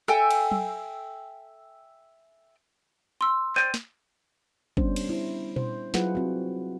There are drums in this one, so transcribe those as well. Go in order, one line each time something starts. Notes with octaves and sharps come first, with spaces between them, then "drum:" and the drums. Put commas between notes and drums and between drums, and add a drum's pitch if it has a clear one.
A4 E5 G5 G#5, drum: rim click
drum: cymbal
drum: tom F#3
C6 E6
C5 D5 G5 D#7, drum: clap
drum: snare
G3 B3 C#4 D4 C5, drum: kick
drum: cymbal
E4 C5
C5, drum: tom A#2
F#3 E4 F4 G#4 B4 F#5, drum: snare
F#3 C4 F#4